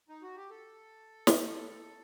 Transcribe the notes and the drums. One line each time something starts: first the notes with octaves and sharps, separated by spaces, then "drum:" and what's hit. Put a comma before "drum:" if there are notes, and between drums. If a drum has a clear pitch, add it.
D#4
F#4
G4
A4
drum: snare